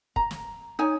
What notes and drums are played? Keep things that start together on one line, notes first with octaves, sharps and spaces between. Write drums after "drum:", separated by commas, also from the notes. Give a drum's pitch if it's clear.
A#5, drum: kick
drum: snare
D#4 C#5 G#5